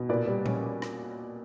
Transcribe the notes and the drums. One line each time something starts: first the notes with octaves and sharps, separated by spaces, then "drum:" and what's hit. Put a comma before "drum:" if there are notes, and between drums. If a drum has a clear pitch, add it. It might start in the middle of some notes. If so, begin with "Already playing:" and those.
Already playing: B2
A#2 B4 D5
G3
C#4, drum: tom A#2
drum: rim click